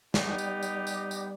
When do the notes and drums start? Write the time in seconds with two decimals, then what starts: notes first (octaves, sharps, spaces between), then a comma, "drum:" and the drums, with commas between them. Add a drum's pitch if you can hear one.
0.14 G3 B3 D#4 G4, drum: snare
0.38 drum: tambourine
0.63 drum: tambourine
0.87 drum: tambourine
1.11 drum: tambourine